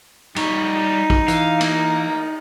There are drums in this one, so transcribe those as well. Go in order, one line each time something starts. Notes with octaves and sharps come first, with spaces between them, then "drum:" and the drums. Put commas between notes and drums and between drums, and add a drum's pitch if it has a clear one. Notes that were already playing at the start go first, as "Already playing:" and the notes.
G3 D#4 C#5, drum: cymbal
drum: kick
E3 F5, drum: hi-hat
A#3, drum: cymbal